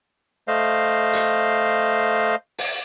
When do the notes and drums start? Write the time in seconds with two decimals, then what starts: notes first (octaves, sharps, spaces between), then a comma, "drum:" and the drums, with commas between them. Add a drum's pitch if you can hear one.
0.48 A3 C5 D#5 F5
1.13 drum: hi-hat
2.58 drum: open hi-hat